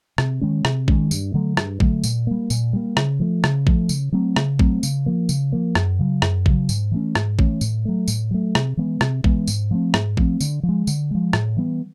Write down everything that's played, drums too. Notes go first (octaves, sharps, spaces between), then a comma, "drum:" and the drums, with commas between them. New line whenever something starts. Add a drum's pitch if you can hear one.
C3, drum: rim click
D#3 G#3 C#4
C3, drum: rim click
D#3 G#3 C#4, drum: kick A1
G2, drum: tambourine
D3 F#3 A3
G2, drum: rim click
D3 F#3 A3, drum: kick A1
A#2, drum: tambourine
G3 A#3
A#2, drum: tambourine
G3 A#3
C#3, drum: rim click
F3 A3
C#3, drum: rim click
F3 A3, drum: kick A1
C#3, drum: tambourine
F#3 A3 C4
C#3, drum: rim click
F#3 A3 C4, drum: kick A1
C#3, drum: tambourine
F3 A#3
C#3, drum: tambourine
F3 A#3
F#2, drum: rim click
C#3 F#3
F#2, drum: rim click
C#3 F#3, drum: kick A1
G#2, drum: tambourine
E3 A3 C#4
G#2, drum: rim click
E3 A3 C#4, drum: kick A1
A2, drum: tambourine
F#3 A3
A2, drum: tambourine
F#3 A3
C3, drum: rim click
E3 G#3 B3
C3, drum: rim click
E3 G#3 B3, drum: kick A1
G#2, drum: tambourine
F3 A3 C4
G#2, drum: rim click
F3 A3 C4, drum: kick A1
D3, drum: tambourine
F3
G#3
D3, drum: tambourine
F3 G#3
A2, drum: rim click
E3 G3 B3